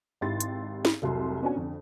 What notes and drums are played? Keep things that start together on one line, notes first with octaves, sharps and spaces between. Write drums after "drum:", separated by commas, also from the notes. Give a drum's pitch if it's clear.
G#1 G#2 E4 G4 C6 A6
drum: hi-hat
drum: snare
F1 C2 F#3 C6
B3 C#4 D4 F#4 G#5
F2 D3